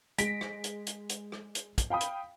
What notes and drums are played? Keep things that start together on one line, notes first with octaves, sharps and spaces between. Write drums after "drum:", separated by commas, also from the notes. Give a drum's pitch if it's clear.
G#3 A#6 B6 D7, drum: hi-hat
drum: rim click
drum: hi-hat
drum: hi-hat
drum: hi-hat
drum: rim click
drum: hi-hat
drum: kick, hi-hat
F5 G5 B5 D#6
drum: hi-hat